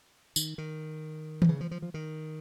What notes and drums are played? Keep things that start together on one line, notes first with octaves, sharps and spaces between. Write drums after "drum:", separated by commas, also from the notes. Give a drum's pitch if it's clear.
D#3, drum: tambourine
D#3
C3, drum: tom D#3
C#3
F3
F3
F3
D#3